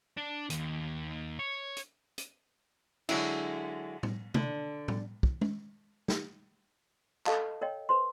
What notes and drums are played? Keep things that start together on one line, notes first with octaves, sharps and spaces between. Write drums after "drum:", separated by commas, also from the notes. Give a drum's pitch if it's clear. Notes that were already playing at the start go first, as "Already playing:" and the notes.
D4
D#2, drum: hi-hat
C#5
drum: hi-hat
drum: hi-hat
D3 F#3 G#3 E4, drum: cymbal
drum: tom A2
D3, drum: tom C3
drum: tom A2
drum: kick
drum: tom G#3
drum: snare
A4 D#5 F5 A5, drum: clap
A#4 C#5 D#5 G5
B4 C5 C6